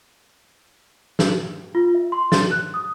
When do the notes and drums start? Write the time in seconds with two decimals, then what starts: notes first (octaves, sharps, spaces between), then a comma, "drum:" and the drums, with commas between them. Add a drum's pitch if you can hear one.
1.19 drum: snare
1.75 F4
1.95 E5
2.12 C6
2.32 A6, drum: snare
2.51 F#6
2.74 D#6